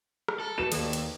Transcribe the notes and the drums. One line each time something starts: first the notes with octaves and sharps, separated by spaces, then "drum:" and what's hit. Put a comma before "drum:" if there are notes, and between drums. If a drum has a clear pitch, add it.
drum: rim click
A4
F#4 B4 A5 E7
D#2 A4 C5 D5, drum: cymbal
drum: cymbal